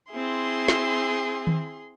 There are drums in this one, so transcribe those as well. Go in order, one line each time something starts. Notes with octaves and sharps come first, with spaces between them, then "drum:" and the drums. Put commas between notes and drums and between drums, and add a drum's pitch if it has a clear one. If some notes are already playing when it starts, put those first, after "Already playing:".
C4 E4 G#4 C6
drum: snare
drum: tom D#3